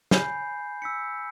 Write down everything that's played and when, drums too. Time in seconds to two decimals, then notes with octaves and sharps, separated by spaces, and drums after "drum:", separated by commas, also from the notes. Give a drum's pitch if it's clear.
0.11 G#5 B5 G6 C7, drum: snare
0.82 E6 B6 C#7